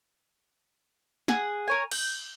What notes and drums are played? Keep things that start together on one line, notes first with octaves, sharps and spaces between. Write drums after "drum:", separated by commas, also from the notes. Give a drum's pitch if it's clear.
G#4 F#5, drum: snare
A#4 C#5 G#5
G6, drum: cymbal